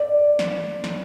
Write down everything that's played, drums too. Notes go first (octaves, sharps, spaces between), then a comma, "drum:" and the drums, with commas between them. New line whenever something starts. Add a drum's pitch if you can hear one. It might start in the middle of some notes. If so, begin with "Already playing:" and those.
Already playing: D5
drum: snare
drum: snare